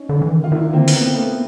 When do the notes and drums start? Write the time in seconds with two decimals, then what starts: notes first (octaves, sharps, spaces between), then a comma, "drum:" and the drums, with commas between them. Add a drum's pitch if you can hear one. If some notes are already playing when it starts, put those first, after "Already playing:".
Already playing: C#4 D#4
0.09 D3
0.22 E3
0.31 D#3
0.44 F4
0.52 D#3 D4 E4
0.72 D3 A#3 C4
0.88 B3, drum: open hi-hat
0.94 A#3 C4
1.07 A#3
1.14 A3 B3